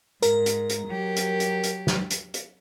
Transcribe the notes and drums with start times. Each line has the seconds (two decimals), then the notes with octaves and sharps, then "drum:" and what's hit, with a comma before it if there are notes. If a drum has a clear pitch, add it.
0.22 G#2 A#4, drum: hi-hat
0.46 drum: hi-hat
0.69 drum: hi-hat
0.87 F#3 G4
1.16 drum: hi-hat
1.40 drum: hi-hat
1.63 drum: hi-hat
1.87 drum: snare
2.10 drum: hi-hat
2.34 drum: hi-hat